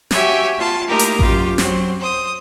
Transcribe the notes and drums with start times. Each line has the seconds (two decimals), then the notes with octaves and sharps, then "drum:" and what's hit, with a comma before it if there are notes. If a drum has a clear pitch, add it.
0.11 F#4 G4 C#5 E5 G#5, drum: snare
0.58 B3 F4 A5
0.89 A3 A#3 D#4 E4 G4 A#4
0.99 drum: hi-hat
1.19 F#2 F4 G4, drum: kick A1
1.58 F#3 C4 C5, drum: snare
2.00 C5 D#6